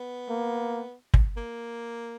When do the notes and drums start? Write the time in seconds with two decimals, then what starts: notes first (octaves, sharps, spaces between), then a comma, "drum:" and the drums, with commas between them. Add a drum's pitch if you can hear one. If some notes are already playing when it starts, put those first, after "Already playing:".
Already playing: B3
0.29 A#3
1.14 drum: kick
1.37 A#3